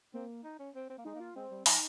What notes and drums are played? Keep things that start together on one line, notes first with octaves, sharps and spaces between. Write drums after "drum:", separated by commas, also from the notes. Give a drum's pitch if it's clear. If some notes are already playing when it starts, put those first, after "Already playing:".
A#3 C4
D#4
C#4
C4
C4
A#3
G#3 D#4
A#3
F4
G#3 C4
G3
F3 D#4, drum: open hi-hat